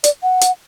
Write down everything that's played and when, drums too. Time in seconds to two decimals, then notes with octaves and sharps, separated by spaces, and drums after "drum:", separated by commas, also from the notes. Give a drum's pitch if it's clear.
0.04 D5, drum: hi-hat
0.23 F#5
0.41 drum: hi-hat